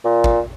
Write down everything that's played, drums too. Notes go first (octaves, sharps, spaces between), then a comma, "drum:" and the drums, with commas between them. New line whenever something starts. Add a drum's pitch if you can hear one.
A#2
drum: kick G#1